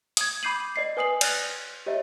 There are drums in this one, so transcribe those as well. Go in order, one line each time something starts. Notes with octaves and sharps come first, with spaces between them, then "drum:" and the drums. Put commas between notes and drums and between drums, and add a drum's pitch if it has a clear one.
D#6 G#6, drum: hi-hat
B5 D6 G6 C7 D#7 F#7
D5 D#5 C7
B4 G#5 D#6 C7 F#7
D5 F6 F#6 A#6 F#7, drum: cymbal
G4 C#5 D#5 E5